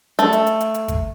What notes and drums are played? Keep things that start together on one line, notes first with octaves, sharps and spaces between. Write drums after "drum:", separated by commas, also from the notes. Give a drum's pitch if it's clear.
A3, drum: hi-hat
drum: hi-hat
drum: hi-hat
drum: hi-hat
drum: hi-hat
drum: kick G#1, hi-hat